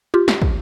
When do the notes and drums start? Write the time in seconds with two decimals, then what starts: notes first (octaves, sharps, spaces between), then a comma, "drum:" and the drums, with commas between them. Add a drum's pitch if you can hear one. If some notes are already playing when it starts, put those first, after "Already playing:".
0.14 F4 G4
0.28 drum: snare
0.42 drum: kick